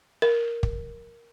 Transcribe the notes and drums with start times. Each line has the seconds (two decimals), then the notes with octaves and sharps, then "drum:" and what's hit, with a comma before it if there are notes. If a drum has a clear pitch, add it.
0.22 A#4
0.63 drum: kick